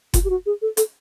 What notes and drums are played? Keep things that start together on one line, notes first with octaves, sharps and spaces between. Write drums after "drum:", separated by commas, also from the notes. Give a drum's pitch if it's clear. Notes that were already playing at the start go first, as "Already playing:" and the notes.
F4, drum: kick F#1, hi-hat
G4
F#4
G#4
A4
A4, drum: hi-hat